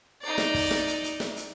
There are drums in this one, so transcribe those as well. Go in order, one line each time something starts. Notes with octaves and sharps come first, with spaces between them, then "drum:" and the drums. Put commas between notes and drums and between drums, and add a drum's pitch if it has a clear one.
D#4 D5
drum: snare
drum: kick, open hi-hat
drum: snare
drum: hi-hat
drum: hi-hat
drum: snare
drum: hi-hat